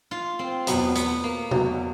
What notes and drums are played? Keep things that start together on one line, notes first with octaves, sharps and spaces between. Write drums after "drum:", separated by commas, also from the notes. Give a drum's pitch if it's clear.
F4
C4
E2 B2 F#3 B3, drum: hi-hat
B3, drum: hi-hat
A#3
E2 B2 F#3, drum: tom